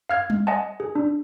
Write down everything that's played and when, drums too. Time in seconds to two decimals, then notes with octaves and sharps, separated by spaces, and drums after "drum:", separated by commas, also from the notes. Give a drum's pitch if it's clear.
0.09 F5 F6 G#6
0.30 drum: tom G3
0.47 D#5 F#5 G#5 A5
0.80 G#4
0.95 D4